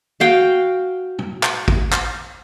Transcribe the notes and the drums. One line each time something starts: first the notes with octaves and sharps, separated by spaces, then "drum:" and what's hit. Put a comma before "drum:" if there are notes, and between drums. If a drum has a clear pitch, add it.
F#4 F5 G5
drum: tom
drum: clap
drum: kick
drum: clap